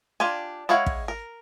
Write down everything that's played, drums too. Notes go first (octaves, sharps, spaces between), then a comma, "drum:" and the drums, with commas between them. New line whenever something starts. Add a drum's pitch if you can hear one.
D4 F4 G4 G#5
G#3 E4 C#5 F5 F#5
drum: kick
A#4